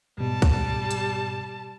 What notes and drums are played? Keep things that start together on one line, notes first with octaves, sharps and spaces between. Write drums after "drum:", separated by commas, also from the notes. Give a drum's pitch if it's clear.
G#2 B2 G3 A5
drum: kick C2, hi-hat
drum: hi-hat